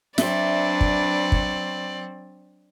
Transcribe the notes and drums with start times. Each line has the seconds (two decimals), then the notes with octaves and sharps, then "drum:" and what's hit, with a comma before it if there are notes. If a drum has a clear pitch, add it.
0.18 F#3 C4 D4 B4 D5 E5, drum: snare
0.81 drum: kick
1.32 drum: kick